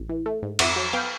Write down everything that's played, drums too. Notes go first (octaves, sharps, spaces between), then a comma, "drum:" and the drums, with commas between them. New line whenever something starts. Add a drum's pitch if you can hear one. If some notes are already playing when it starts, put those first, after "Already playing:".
Already playing: A1
E3
A3
G#2
F2 E5 F#5, drum: cymbal
F#3
B3 F5 G5